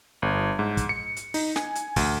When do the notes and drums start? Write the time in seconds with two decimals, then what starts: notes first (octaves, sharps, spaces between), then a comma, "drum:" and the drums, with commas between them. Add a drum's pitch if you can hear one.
0.22 G1
0.59 G#2
0.77 drum: kick, hi-hat
0.89 C#7
1.16 drum: hi-hat
1.34 D#4, drum: open hi-hat
1.56 G#5, drum: snare
1.75 drum: hi-hat
1.96 D2, drum: kick, open hi-hat